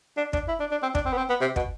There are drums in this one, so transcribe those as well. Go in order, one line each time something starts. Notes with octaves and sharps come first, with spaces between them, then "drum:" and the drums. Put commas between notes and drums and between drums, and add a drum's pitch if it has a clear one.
D4
D4, drum: kick
E4
D4
D4
C4
D4, drum: kick
C4
B3
C4
B3
C3
B2, drum: kick